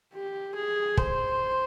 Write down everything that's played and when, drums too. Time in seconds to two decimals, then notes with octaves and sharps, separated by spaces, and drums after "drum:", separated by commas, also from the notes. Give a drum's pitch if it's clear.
0.14 G4
0.55 G#4
0.97 C5, drum: kick